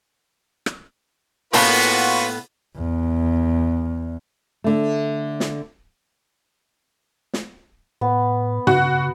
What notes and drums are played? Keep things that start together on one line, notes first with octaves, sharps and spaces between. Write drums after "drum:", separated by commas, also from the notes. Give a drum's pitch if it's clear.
drum: rim click
A2 A#3 B3 C#4 F4 F#4 A4 B4, drum: open hi-hat
E2
D3 A3
drum: snare
drum: snare
A2 B3
C#3 F#4, drum: tom